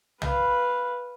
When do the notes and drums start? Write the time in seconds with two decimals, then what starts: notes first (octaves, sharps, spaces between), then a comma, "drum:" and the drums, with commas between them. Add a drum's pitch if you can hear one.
0.22 B4 F5, drum: tom B1